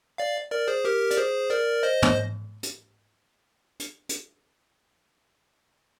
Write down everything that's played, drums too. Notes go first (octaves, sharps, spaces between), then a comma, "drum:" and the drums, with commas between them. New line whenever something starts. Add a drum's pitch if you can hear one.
D5 F5
A#4 D5
G#4 C5
G4 A#4
D5, drum: hi-hat
G#4 C5
A#4 D5
C5 D#5
drum: tom
drum: hi-hat
drum: hi-hat
drum: hi-hat